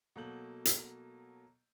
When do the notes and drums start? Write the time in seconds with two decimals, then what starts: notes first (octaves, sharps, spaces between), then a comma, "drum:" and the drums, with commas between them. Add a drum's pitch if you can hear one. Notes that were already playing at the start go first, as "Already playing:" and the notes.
0.16 B2 F#3 A#3 A4 G6 F#7
0.65 drum: hi-hat